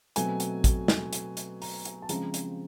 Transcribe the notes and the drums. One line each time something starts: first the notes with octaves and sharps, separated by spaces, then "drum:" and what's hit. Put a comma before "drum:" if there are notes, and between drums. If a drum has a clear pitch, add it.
B2 F#3 A3 C4 G#5, drum: hi-hat
drum: hi-hat
drum: kick, hi-hat
drum: snare
drum: hi-hat
drum: hi-hat
A#5, drum: open hi-hat
drum: hi-hat
A5
C#3 F3 G#3 C4 A#5, drum: hi-hat
drum: hi-hat